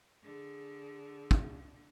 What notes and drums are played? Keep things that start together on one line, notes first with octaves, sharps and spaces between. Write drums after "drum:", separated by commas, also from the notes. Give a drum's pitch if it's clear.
D3 G#4
drum: kick